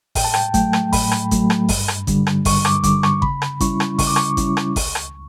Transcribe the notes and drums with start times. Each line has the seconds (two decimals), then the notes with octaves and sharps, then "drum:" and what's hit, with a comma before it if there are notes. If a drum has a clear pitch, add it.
0.15 A2 G5, drum: kick G#1, open hi-hat
0.24 A5
0.34 G5, drum: rim click
0.54 F#3 A3 G5, drum: kick G#1, hi-hat
0.73 drum: rim click
0.93 A2 B5, drum: kick G#1, open hi-hat
1.12 drum: rim click
1.31 F#3 A3, drum: kick G#1, hi-hat
1.50 drum: rim click
1.69 G2, drum: kick G#1, open hi-hat
1.88 drum: rim click
2.07 D3 G3, drum: kick G#1, hi-hat
2.27 drum: rim click
2.45 G2 C#6, drum: kick G#1, open hi-hat
2.65 D6, drum: rim click
2.84 D3 G3 D6, drum: kick G#1, hi-hat
3.03 C#6, drum: rim click
3.22 C#3 B5, drum: kick G#1
3.42 drum: rim click
3.60 G3 C#4 E4 C#6, drum: kick G#1, hi-hat
3.80 drum: rim click
3.99 C#3 C#6, drum: kick G#1, open hi-hat
4.07 D6
4.16 C#6, drum: rim click
4.37 G3 C#4 E4, drum: kick G#1, hi-hat
4.57 drum: rim click
4.76 C#2, drum: kick G#1, open hi-hat
4.95 drum: rim click